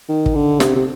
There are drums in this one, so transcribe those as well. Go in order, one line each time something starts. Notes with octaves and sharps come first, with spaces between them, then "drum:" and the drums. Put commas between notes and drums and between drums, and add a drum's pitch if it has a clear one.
D#3
drum: kick
D3
C3, drum: snare
C3